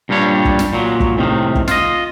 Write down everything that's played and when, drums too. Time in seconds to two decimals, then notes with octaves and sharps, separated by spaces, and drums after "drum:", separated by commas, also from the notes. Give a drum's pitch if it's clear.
0.09 G2 A#2 G3 D4 C#5
0.45 drum: kick
0.59 drum: snare
0.73 A#2 F#3
1.00 drum: kick
1.17 A2 C3 D#3
1.55 drum: kick
1.68 F4 D#5, drum: snare